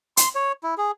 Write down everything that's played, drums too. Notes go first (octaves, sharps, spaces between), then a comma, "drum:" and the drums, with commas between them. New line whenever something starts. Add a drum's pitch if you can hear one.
C6, drum: hi-hat
C#5
E4
G#4